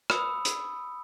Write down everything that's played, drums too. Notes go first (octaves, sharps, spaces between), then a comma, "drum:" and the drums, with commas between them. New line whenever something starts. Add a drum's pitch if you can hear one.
B5 D#6 E6 C#7, drum: rim click
drum: hi-hat